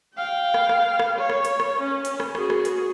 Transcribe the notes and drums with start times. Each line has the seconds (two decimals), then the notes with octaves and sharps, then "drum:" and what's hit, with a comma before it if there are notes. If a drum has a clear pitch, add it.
0.15 F5 G5
0.54 drum: rim click
0.69 drum: rim click
0.99 drum: rim click
1.19 C#5
1.30 drum: rim click
1.45 drum: hi-hat
1.60 drum: rim click
1.82 C#4
2.05 drum: hi-hat
2.20 drum: rim click
2.35 F#4 G#4, drum: rim click
2.50 drum: rim click
2.65 drum: hi-hat